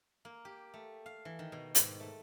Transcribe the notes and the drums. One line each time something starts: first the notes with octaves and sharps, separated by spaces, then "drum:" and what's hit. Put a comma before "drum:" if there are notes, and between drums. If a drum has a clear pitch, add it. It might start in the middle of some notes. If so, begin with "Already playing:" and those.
A#3
G4
A3
F5
E3
D#3
B2
G#2, drum: hi-hat
A3